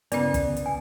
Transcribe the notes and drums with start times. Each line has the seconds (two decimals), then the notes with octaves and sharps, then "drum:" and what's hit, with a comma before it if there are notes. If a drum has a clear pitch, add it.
0.12 G2 C#3 B3 C#4 D5, drum: hi-hat
0.34 drum: kick, hi-hat
0.57 drum: hi-hat
0.66 G#5